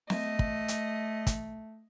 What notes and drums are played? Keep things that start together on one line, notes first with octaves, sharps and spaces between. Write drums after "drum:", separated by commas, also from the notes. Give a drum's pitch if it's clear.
A3 D#5, drum: snare
drum: kick
drum: hi-hat
drum: kick, hi-hat